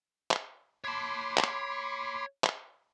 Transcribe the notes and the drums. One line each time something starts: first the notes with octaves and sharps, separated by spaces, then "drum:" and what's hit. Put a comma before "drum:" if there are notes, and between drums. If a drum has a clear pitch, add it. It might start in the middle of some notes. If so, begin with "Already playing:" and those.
drum: clap
C#5 A5 B5 C6 D6
drum: clap
drum: clap